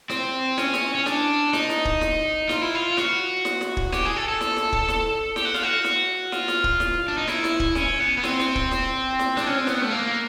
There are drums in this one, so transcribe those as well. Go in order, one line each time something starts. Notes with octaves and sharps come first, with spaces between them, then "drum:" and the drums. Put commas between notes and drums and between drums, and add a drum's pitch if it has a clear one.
C4, drum: snare
C#4, drum: snare
drum: snare
C#4
D4, drum: snare
D#4, drum: snare
drum: snare
drum: kick
drum: snare
F4, drum: snare
E4
F4
F#4, drum: snare
drum: snare
drum: snare
drum: kick
G4, drum: snare
G#4
A4
A4
drum: snare
drum: snare
drum: kick
drum: snare
G4, drum: snare
F#4
F4, drum: snare
F#4
drum: snare
F4, drum: snare
drum: snare
drum: kick
drum: snare
D4
D#4
E4, drum: snare
drum: snare
drum: kick
C#4, drum: snare
B3
B3
C4, drum: snare
drum: snare
drum: kick
drum: snare
drum: snare
D4, drum: snare
C#4
C4
B3, drum: snare
A3
A#3